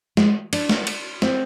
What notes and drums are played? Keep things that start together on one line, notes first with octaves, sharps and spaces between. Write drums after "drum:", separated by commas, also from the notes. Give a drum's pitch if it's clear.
G#3, drum: snare
D4, drum: cymbal
drum: snare
drum: cymbal
C4, drum: snare